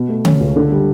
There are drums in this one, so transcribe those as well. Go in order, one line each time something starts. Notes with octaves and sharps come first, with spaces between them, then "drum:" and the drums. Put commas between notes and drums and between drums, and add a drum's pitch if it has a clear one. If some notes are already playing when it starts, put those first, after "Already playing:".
Already playing: B2
A3
C#4, drum: tom D3
C#2
D3
G3